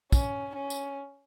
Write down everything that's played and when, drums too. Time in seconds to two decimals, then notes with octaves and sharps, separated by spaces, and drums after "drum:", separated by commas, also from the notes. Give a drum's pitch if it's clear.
0.12 C#4, drum: kick, tambourine
0.55 C#4
0.70 drum: tambourine